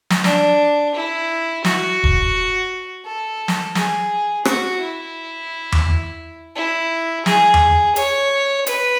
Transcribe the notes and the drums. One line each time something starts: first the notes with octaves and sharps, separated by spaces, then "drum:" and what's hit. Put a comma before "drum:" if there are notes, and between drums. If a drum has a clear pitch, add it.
drum: snare
D4, drum: snare
E4
F#4, drum: snare
drum: kick E1
A4
drum: snare
G#4, drum: snare
F#4, drum: rim click
E4
drum: tom E2
E4
G#4, drum: snare
drum: tom E2
C#5, drum: hi-hat
B4, drum: hi-hat